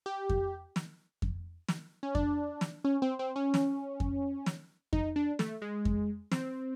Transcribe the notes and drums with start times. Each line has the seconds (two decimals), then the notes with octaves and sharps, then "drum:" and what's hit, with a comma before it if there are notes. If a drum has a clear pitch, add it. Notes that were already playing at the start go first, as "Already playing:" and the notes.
0.06 G4
0.29 drum: kick F2
0.76 drum: snare
1.22 drum: kick F2
1.68 drum: snare
2.03 C#4
2.15 D4, drum: kick F2
2.61 drum: snare
2.84 C#4
3.02 C4
3.19 C4
3.36 C#4
3.54 drum: snare
4.00 drum: kick F2
4.46 drum: snare
4.93 D#4, drum: kick F2
5.16 D4
5.39 A3, drum: snare
5.62 G#3
5.85 drum: kick F2
6.31 C4, drum: snare